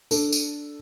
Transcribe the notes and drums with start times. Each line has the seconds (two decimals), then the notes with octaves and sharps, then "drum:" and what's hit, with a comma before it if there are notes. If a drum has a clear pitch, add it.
0.11 D4 A4, drum: tambourine
0.32 drum: tambourine